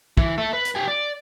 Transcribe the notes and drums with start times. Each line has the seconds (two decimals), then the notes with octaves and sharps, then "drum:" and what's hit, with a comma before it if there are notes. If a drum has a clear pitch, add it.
0.17 E3, drum: kick
0.38 A4 E5
0.53 B4
0.65 drum: hi-hat
0.75 G4 G#5
0.88 D5